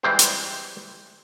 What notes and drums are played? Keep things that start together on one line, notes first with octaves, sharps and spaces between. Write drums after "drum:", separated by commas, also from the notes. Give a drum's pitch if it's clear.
E3 G3 G#3 C4 G4 C5
drum: hi-hat